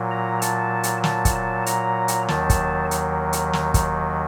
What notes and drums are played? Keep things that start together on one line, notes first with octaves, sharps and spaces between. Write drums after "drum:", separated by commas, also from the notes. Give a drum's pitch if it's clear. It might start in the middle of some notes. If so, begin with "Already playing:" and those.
Already playing: A#2 F#3
A#5
A5, drum: hi-hat
drum: hi-hat
A5, drum: snare
drum: kick, hi-hat
A5
A#5, drum: hi-hat
drum: hi-hat
D#2 D#3 F#3 A5, drum: snare
drum: kick, hi-hat
drum: hi-hat
drum: hi-hat
drum: snare
drum: kick, hi-hat